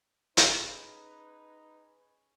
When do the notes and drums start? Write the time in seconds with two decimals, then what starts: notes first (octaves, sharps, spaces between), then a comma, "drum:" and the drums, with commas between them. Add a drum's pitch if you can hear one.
0.37 C#4 D#4 G#4 B4, drum: hi-hat